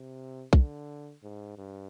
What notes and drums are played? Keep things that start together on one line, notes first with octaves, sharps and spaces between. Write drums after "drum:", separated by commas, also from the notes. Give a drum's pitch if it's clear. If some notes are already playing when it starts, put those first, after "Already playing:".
Already playing: C3
D3, drum: kick B1
G#2
G2